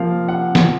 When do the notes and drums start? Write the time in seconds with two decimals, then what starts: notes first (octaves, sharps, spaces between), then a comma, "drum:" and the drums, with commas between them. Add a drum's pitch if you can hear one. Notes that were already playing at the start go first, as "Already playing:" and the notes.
Already playing: C3 F3 A#3 F5
0.28 C3 F#5
0.55 drum: snare